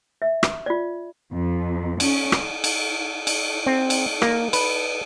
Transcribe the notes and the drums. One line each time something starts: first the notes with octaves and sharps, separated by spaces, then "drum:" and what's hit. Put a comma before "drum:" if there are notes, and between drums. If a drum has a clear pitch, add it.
E5
drum: rim click
F4 D5
F2
C#4, drum: cymbal
drum: rim click
drum: cymbal
drum: cymbal
C4
drum: cymbal
A#3, drum: rim click
B4, drum: cymbal